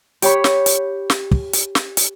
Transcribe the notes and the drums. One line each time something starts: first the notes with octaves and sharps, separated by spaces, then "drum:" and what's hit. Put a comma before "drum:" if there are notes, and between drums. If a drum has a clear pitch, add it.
G4 C#5 B5, drum: hi-hat
drum: snare
drum: hi-hat
drum: snare
drum: kick
drum: hi-hat
drum: snare
drum: hi-hat